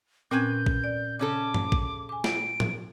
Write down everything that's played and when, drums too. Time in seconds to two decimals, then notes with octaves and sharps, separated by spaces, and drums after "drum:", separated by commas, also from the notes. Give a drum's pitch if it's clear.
0.31 A#2 C4 C#4 B4 G#5 G6 G#6
0.66 drum: kick
0.84 D5
1.19 C#3 C#4 A4 D6
1.54 drum: tom G2
1.72 drum: kick
2.09 G#5 D6
2.24 D7, drum: snare
2.60 drum: tom A2